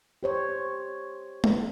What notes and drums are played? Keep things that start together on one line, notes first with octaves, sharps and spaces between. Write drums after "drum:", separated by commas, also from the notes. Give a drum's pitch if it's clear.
G4 C5 C#5
drum: tom G#3